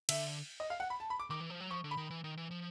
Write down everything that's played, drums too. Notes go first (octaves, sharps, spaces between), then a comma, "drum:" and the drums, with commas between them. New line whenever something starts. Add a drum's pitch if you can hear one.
D3 E5, drum: cymbal
D#5
F5
F#5
B5
A5
B5
D6
D#3 D6
E3
F3
F#3
F3 C#6
D3
B5
D#3
E3
D#3
E3
F3